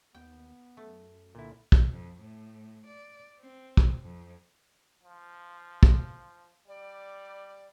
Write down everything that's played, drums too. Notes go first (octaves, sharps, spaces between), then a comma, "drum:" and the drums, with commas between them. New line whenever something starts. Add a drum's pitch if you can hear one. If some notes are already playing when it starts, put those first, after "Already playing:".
D#2 B3 G5
F#2 A3
C2 A#2 D3 E4
drum: kick
F2
A2
D5
C4
drum: kick
F2
F3
drum: kick
G3 D5